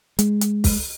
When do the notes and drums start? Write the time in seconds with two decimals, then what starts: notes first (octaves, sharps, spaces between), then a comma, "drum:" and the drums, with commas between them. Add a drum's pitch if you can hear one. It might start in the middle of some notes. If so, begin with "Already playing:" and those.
0.19 G#3, drum: hi-hat
0.41 drum: hi-hat
0.64 drum: kick, open hi-hat